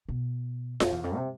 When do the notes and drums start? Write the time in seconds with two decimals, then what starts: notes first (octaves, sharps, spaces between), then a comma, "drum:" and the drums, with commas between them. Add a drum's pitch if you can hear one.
0.09 B2
0.80 F2, drum: snare F4
0.92 E2
1.04 F2
1.16 C3